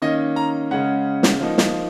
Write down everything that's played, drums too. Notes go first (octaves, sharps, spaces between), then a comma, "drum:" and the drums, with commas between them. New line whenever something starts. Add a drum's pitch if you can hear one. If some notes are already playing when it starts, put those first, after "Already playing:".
D#3 A#3 C#4 D#5
A#5
C#3 G#3 C#4 F#5
drum: snare
F3 A#3 D#4
drum: snare